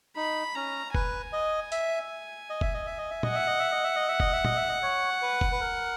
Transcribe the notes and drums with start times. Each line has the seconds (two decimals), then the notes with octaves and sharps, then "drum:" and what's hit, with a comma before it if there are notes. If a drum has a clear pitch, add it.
0.16 D#4 B5
0.55 C#4 A#5
0.95 B4 G#5, drum: kick
1.33 D#5
1.72 E5, drum: hi-hat
2.50 D#5
2.61 E5, drum: kick
2.74 D#5
2.86 E5
2.98 D#5
3.10 E5
3.23 D#5 F#5, drum: tom
3.35 E5
3.47 D#5
3.59 E5
3.72 D#5
3.84 E5
3.96 D#5
4.08 E5
4.20 D#5, drum: kick
4.32 E5
4.45 D#5, drum: tom
4.56 E5
4.69 D#5
4.82 C#5
5.22 B4
5.41 drum: kick
5.52 B4
5.61 A#4